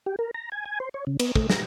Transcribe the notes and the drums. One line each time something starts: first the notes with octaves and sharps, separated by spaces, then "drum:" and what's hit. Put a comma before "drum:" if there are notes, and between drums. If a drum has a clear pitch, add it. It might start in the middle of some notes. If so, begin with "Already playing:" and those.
G4
A#4
A#5
G#5
G#5
C5
C#5
C#3
B3, drum: cymbal
A3, drum: kick
A#5, drum: snare